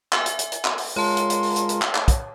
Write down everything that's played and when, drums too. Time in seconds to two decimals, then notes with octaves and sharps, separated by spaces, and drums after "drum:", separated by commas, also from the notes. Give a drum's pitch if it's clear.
0.13 E5 G#5, drum: clap
0.26 drum: hi-hat
0.39 drum: hi-hat
0.52 drum: hi-hat
0.65 drum: clap
0.78 drum: open hi-hat
0.96 G#3 F4 A#4 C#5 A5 C6
1.17 drum: hi-hat
1.30 drum: hi-hat
1.43 drum: open hi-hat
1.56 drum: hi-hat
1.69 drum: hi-hat
1.82 drum: clap
1.95 drum: clap
2.08 drum: kick, hi-hat